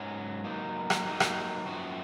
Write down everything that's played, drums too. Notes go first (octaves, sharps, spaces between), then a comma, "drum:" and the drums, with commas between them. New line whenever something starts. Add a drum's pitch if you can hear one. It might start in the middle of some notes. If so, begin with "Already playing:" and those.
Already playing: G#2 F#3 C#4
F#3 A#3 D#4
drum: rim click
F#3 A#3 D#4
drum: rim click
F#2 F3 C4 F#4